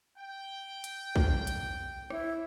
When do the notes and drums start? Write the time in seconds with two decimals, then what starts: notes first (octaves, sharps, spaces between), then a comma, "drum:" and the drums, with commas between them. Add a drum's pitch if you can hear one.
0.17 G5
0.84 drum: hi-hat
1.16 drum: kick
1.47 drum: hi-hat
2.10 E4, drum: rim click